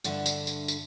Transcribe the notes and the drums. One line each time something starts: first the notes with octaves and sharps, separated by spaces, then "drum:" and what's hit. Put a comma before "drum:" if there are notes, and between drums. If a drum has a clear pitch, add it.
G2 D3 E5 F#5, drum: tambourine
drum: tambourine
drum: tambourine
drum: tambourine